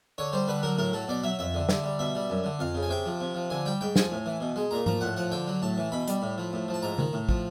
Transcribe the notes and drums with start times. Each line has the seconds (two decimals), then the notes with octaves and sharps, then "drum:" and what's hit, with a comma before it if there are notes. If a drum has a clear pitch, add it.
0.18 D3 C#5
0.33 G3 C5
0.48 D3 B4
0.63 F#3 A#4
0.78 A2 A#4
0.93 F#3 A4
1.08 B2 D5
1.23 F#3 E5
1.39 F2 E5
1.54 D3
1.69 D3, drum: snare
1.84 G3
1.99 B2 E5
2.15 G3
2.30 F#2
2.44 D3
2.59 F2 F5
2.75 C#3
2.83 G#5
2.89 C3 G5
3.06 F3
3.21 C3
3.35 F3
3.50 D3 G#5
3.66 G3 G5
3.81 G#2 G5
3.96 F3 G#5, drum: snare
4.11 A2
4.26 E3
4.40 B2
4.56 G#3
4.71 A#2 A#5
4.86 F3 A#5, drum: tom G#2
5.01 A2 F#5
5.16 F3 F#5
5.31 D3 G5
5.47 F#3
5.62 A2 A5
5.78 E3
5.92 B2 B5
6.08 G3, drum: hi-hat
6.22 A2
6.38 F3
6.53 A2
6.68 F3
6.74 A5
6.82 G#2 A#5
6.98 D#3, drum: tom C#3
7.13 A2
7.29 F3, drum: kick